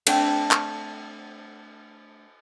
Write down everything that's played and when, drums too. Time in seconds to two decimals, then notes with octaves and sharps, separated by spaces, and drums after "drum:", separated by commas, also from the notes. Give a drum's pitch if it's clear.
0.07 A3 C4 D4 G5, drum: cymbal
0.51 drum: clap